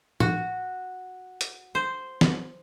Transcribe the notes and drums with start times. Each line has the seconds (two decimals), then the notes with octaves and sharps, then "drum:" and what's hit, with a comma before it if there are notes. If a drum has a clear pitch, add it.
0.20 F#4, drum: tom
1.41 drum: hi-hat
1.75 C5
2.21 drum: snare